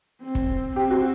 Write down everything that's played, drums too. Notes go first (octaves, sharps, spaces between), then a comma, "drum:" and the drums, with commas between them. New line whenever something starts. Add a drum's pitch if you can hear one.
C4
drum: kick
C4 G4
F#4